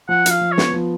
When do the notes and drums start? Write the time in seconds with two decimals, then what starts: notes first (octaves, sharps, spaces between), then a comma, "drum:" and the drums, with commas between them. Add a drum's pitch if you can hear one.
0.09 F3 F#5
0.26 F3 F5, drum: hi-hat
0.41 F3
0.52 C#5
0.58 B3, drum: snare
0.74 F3